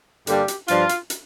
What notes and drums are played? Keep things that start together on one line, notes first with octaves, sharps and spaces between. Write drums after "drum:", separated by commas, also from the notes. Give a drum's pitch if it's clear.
G2 D3 G3 A#3 D4 G4, drum: hi-hat
drum: hi-hat
G2 F3 D4 F4, drum: hi-hat
drum: hi-hat
drum: hi-hat